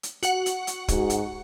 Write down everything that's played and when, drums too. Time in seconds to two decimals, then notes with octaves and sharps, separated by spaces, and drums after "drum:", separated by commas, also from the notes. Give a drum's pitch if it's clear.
0.03 drum: hi-hat
0.23 F#4 F#5, drum: hi-hat
0.46 drum: hi-hat
0.67 drum: hi-hat
0.88 G#2, drum: kick, hi-hat
1.10 drum: hi-hat